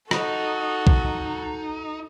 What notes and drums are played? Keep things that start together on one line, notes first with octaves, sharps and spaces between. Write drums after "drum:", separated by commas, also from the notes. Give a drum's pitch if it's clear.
D#4 F#4 A4, drum: rim click
drum: kick B1